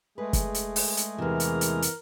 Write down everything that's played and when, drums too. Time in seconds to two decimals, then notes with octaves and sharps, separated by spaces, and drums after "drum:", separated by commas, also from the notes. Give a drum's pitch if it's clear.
0.18 G#3 A3 G#4 B4
0.33 drum: kick, hi-hat
0.54 drum: hi-hat
0.76 drum: open hi-hat
0.97 drum: hi-hat
1.18 E2 C3 E3 A#4
1.40 drum: hi-hat
1.61 drum: hi-hat
1.82 drum: hi-hat